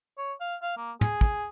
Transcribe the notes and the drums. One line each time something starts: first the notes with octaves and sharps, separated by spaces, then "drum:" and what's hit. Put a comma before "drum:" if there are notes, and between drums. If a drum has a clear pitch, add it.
C#5
F5
F5
A#3
G#4, drum: tom
drum: kick